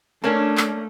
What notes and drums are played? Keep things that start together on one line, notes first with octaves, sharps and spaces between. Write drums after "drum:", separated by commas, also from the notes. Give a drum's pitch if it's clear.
A3 A#3 C#4 D4 A#4 C#5 A5
drum: clap